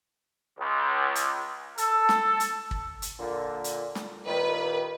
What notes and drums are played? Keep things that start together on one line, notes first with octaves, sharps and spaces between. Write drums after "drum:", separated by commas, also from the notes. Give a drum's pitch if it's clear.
C#2
drum: hi-hat
A4, drum: hi-hat
drum: snare
drum: hi-hat
drum: kick
drum: hi-hat
A#2 D3
drum: hi-hat
drum: snare
C2 A#2 D#3 B4